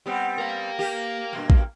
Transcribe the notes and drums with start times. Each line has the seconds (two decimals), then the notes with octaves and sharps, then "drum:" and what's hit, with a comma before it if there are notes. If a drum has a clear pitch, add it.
0.06 G3 B3 C4
0.38 A#4 F5
0.79 A#3 G4
1.33 G2 B2 A#3
1.50 drum: kick A1